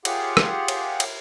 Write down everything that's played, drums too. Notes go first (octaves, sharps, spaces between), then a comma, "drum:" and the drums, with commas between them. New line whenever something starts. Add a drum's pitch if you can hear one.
F4 G4 G#4 F#5, drum: cymbal
drum: rim click
drum: cymbal
drum: cymbal